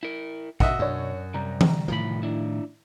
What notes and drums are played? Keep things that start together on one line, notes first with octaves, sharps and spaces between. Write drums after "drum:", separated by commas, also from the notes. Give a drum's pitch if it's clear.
E4 A#4
B2 F#4 A#4 D#5 E5, drum: kick
F#2 D4 C#5
C3 G3 A#5
drum: tom E3
C2 A2 D#3 F3 B5
D4 E4